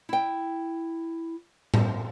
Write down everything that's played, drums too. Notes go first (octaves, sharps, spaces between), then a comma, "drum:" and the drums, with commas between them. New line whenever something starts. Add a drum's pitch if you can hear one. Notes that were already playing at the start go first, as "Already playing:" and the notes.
E4 G5
drum: tom A2